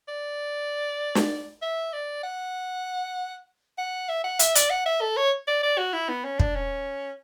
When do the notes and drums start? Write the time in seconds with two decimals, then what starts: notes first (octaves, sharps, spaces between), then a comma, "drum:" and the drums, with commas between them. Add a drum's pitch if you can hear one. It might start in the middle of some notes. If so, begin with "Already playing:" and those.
0.08 D5
1.15 drum: snare
1.62 E5
1.93 D5
2.23 F#5
3.78 F#5
4.09 E5
4.24 F#5
4.39 E5, drum: hi-hat
4.55 D5, drum: hi-hat
4.70 F#5
4.86 E5
5.01 A4
5.17 C#5
5.48 D5
5.63 D5
5.78 F#4
5.93 E4
6.09 B3
6.24 C#4
6.40 D4, drum: kick
6.56 C#4